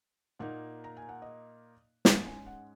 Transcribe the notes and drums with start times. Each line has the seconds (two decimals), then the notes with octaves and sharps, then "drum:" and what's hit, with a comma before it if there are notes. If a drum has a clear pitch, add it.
0.39 A#2 A#3 D#4 F#5
0.84 A#5
0.97 G#5
1.09 F#5
1.22 D#5
2.05 G#2 G#3 C#4 F#5, drum: snare
2.27 G#5
2.46 F#5